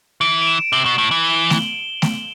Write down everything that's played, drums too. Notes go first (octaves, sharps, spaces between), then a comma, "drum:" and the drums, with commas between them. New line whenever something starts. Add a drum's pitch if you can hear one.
E3 D7
D7
E7
C3 F#7
B2
A2
E3
G7
drum: snare A3
drum: snare A3